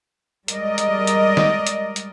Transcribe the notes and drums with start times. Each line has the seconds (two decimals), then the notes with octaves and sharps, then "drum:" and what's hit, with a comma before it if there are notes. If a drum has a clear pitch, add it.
0.48 G3 G#3 A#4 D5 D#5, drum: hi-hat
0.78 drum: hi-hat
1.07 drum: hi-hat
1.37 drum: snare
1.67 drum: hi-hat
1.96 drum: hi-hat